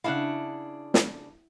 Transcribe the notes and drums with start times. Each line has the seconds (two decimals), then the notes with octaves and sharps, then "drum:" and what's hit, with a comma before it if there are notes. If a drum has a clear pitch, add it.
0.04 C#3 D4 E4 F5 F#5
0.94 drum: snare